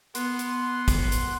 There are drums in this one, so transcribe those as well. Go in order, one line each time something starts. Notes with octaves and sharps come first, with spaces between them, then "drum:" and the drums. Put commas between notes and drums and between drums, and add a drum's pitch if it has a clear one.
B3 F#5 C6, drum: hi-hat
drum: hi-hat
drum: kick, hi-hat
drum: hi-hat